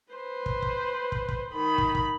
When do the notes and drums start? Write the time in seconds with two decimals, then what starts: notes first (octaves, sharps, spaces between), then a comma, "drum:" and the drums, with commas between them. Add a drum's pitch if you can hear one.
0.13 B4 C5
0.46 drum: kick
0.62 drum: kick
1.12 drum: kick
1.29 drum: kick
1.51 D#3 B5
1.78 drum: kick
1.95 drum: kick